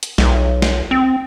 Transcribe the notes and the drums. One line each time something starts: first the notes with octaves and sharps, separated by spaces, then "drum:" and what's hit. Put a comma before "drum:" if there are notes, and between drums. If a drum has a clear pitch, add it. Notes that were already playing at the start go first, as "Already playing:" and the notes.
drum: hi-hat
B1, drum: snare
drum: snare
C4